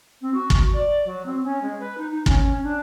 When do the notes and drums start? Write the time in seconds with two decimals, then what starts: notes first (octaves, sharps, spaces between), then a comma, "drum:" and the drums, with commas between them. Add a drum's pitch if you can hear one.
0.21 C4
0.34 F#4
0.50 drum: kick
0.73 D5
1.04 F#3
1.25 C4
1.43 C#4
1.61 G#3
1.79 B4
1.97 D#4
2.11 D#4
2.26 C#4, drum: kick
2.62 D4